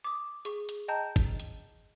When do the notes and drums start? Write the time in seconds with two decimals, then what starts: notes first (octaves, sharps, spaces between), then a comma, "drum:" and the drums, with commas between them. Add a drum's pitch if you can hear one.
0.04 D6 D#6
0.45 G#4 C#6, drum: hi-hat
0.69 drum: hi-hat
0.88 D#5 G5 A5 A#5 G6
1.16 drum: kick G#1, hi-hat
1.40 drum: hi-hat